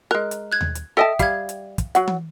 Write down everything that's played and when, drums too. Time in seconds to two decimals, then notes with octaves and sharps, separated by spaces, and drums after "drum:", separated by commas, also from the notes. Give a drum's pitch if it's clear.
0.11 G#3 A#4 F#6
0.31 drum: hi-hat
0.52 F#6 G#6
0.61 drum: tom D#2
0.75 drum: hi-hat
0.97 A4 D#5 E5 G5 A5 D#6
1.19 G3 F5 G#6, drum: kick, hi-hat
1.49 drum: hi-hat
1.78 drum: kick, hi-hat
1.95 F#3 F#5, drum: hi-hat
2.08 drum: tom E3